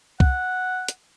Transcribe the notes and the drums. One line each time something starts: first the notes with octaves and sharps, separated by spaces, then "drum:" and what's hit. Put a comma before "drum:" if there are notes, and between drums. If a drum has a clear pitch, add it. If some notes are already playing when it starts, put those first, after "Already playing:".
F#5, drum: kick C2
drum: hi-hat